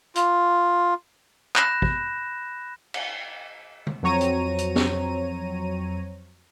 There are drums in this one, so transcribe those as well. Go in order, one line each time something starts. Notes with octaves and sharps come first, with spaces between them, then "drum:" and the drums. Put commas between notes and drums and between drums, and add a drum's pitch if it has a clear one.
F4, drum: hi-hat
B5 F#6 G6 A#6 E7, drum: clap
drum: kick
drum: cymbal
drum: tom
F2 F#3 C4 C#5 A#5 D#7
drum: hi-hat
drum: hi-hat
drum: snare